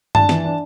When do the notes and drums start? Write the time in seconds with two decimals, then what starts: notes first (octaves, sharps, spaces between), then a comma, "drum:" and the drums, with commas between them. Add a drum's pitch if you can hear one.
0.15 D4 A5, drum: tom G2
0.29 E3, drum: snare
0.45 D4